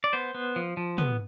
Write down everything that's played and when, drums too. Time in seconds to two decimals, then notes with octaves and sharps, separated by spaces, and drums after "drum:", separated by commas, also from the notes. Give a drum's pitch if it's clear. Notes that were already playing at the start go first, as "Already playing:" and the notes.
0.04 D5
0.13 B3 C5
0.35 B3
0.56 F3
0.77 F3
0.98 B3, drum: tom